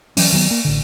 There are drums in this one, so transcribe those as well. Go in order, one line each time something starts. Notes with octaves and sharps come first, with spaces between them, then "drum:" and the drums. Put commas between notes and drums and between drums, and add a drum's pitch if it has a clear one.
E3 F#3 C#4, drum: open hi-hat
D#3 F#3 G3 B3
A#3
A1 D3